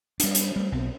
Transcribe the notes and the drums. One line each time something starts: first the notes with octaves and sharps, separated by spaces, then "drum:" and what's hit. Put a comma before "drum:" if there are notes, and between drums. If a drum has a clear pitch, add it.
G3 D4, drum: hi-hat
drum: hi-hat
G3 A3
B1 B3 C4